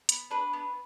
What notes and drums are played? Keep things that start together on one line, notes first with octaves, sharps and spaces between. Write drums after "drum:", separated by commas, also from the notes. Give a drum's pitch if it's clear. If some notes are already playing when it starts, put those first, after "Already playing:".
B3, drum: hi-hat
D4 B4
B3